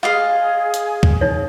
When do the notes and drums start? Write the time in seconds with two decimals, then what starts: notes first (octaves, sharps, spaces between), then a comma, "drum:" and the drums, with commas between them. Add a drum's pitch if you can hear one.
0.03 F4 G#4 D#5 F5
0.74 drum: hi-hat
1.03 drum: kick
1.21 D#4 C#5